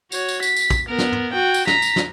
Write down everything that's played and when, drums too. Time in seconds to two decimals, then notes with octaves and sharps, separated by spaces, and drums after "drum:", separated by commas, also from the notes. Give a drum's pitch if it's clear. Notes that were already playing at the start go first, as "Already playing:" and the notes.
0.12 F#4 C#5, drum: tambourine
0.29 drum: tambourine
0.43 B6, drum: tambourine
0.56 drum: tambourine
0.70 drum: kick, tambourine
0.89 B3 A#4
0.98 drum: snare
1.12 drum: tom
1.33 F#4 G5
1.54 drum: tambourine
1.67 A#5 B6, drum: snare
1.82 drum: tambourine
1.96 drum: snare